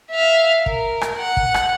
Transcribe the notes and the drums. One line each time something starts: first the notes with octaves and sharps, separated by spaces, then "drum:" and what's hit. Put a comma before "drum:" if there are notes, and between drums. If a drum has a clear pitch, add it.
E5 F5
A#4, drum: kick
drum: rim click
F#5
drum: kick
drum: rim click